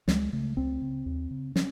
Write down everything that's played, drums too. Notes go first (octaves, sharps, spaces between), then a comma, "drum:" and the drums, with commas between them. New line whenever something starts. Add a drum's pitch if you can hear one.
C#2 G#3, drum: snare
C#3 A3
C#2 C4
C#3
D#2
C#3
C#4, drum: snare